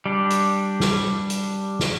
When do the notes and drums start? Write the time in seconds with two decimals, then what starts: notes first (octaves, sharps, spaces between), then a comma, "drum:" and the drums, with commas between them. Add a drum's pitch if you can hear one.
0.06 G3 D4
0.30 drum: hi-hat
0.80 drum: snare
1.30 drum: hi-hat
1.80 drum: snare